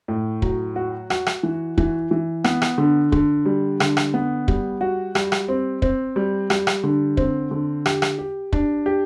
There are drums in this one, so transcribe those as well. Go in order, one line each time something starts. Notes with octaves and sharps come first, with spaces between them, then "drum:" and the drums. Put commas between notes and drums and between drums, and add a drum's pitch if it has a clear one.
A2
F#3, drum: kick
F#4
F#4, drum: rim click
drum: rim click
E3
E3, drum: kick
E3
B3, drum: rim click
drum: rim click
D3
D3, drum: kick
G3
D3, drum: rim click
drum: rim click
B3
G3, drum: kick
F#4
G3, drum: rim click
drum: rim click
C4
C4, drum: kick
G3
G3, drum: rim click
drum: rim click
D3
C4, drum: kick
D3
G4, drum: rim click
drum: rim click
G4
D4, drum: kick
G4